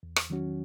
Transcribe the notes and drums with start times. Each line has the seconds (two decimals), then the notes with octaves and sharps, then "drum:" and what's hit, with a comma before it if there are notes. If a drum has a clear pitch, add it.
0.03 E2
0.16 drum: rim click
0.30 D#3 F#3 C#4 F#4